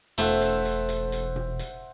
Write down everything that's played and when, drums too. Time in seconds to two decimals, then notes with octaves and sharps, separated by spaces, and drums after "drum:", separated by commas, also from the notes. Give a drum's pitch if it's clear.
0.18 E1 A3 C5 E5 F#5, drum: hi-hat
0.42 drum: hi-hat
0.65 drum: hi-hat
0.89 drum: hi-hat
1.12 drum: hi-hat
1.36 drum: tom A#2
1.59 drum: hi-hat